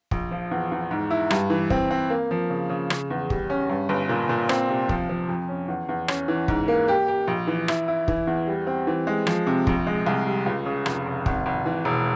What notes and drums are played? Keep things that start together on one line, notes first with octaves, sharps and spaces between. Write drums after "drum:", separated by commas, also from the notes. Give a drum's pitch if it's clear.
A#1, drum: kick
F3
E2
E2
G#2
E4
G2, drum: rim click
E3
C4, drum: kick
C4
A#3
F3
C#3
C#3
C#3, drum: rim click
E2
G3, drum: kick
C#4
G2
G1
A#2
A#2
C4, drum: rim click
C3
F3, drum: kick
F3
F2
C#4
E2
E2
C#4, drum: rim click
E3
G#2, drum: kick
A#3
G4
G4
A#1
E3
E4, drum: rim click
E4
E3, drum: kick
E2
G3
C4
E3
G#3
F3, drum: rim click
C3
A#1, drum: kick
G#3
C2
G3
C#2
C#3
F1, drum: rim click
F1
G#1, drum: kick
G#1
E3
E1